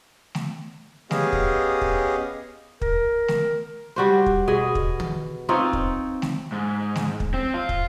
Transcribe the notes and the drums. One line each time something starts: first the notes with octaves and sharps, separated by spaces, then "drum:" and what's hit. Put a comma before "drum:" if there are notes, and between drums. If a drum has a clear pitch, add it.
drum: snare A3
B3 C#4 G4 G#4 D#5 F5, drum: snare A3
drum: kick
drum: kick
A#4, drum: kick
drum: snare A3
G3 F#4 C5
drum: kick
B2 G#4 D#5
drum: kick
drum: tom
C4 D#4 F4 C#5
drum: kick
drum: snare A3
G#2
drum: snare A3
drum: kick
C4
F4
drum: kick